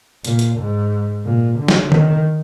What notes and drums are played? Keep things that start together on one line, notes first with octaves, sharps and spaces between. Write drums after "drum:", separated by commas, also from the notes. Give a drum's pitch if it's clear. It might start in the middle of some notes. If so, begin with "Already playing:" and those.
A#2, drum: hi-hat
drum: hi-hat
G#2
A#2
D3
drum: snare
D#3, drum: tom D3